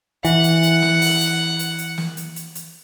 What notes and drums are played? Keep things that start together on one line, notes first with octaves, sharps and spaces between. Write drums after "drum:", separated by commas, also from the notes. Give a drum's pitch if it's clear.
E3 F#5, drum: hi-hat
drum: hi-hat
drum: hi-hat
drum: snare
drum: open hi-hat
drum: hi-hat
drum: hi-hat
drum: hi-hat
drum: snare
drum: hi-hat
drum: hi-hat
drum: hi-hat